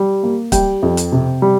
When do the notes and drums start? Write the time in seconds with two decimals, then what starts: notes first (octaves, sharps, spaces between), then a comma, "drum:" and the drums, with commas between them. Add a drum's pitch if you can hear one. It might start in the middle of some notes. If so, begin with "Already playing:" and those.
Already playing: G3
0.23 A#3
0.52 G3 G5, drum: kick, hi-hat
0.82 F2
0.97 drum: hi-hat
1.12 C3
1.42 G3